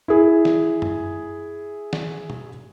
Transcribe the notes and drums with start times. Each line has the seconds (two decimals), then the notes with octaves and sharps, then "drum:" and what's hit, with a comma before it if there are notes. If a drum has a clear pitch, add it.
0.08 E4 G#4
0.45 drum: snare
0.82 drum: tom F#2
1.93 drum: snare
2.30 drum: tom B2